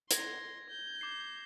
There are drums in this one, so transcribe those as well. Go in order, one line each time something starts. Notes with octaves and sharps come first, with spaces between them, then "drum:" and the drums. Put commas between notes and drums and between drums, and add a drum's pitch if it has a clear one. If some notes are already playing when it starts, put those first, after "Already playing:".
C6 G#6 A#6, drum: hi-hat
G6
D6 C7